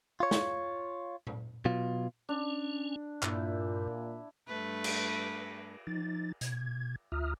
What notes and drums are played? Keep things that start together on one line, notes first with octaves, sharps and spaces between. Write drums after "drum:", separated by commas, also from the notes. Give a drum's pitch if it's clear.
F4 C#5
drum: snare
drum: tom A#2
B2 F#3 F4
C#4 D4
G2 A#2 E4, drum: clap
G2 A3 B4
drum: cymbal
F3 D#4 A6
B2 G#6, drum: hi-hat
D2 F4 E5 A#5 D#6 F6